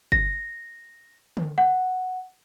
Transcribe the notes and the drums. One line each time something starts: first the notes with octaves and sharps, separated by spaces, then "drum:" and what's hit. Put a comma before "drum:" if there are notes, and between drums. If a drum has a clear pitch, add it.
A#6, drum: kick G1
drum: tom D3
F#5